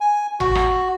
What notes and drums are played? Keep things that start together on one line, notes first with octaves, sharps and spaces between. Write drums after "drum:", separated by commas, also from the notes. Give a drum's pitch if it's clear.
G#5
F#4, drum: tom G#1
drum: rim click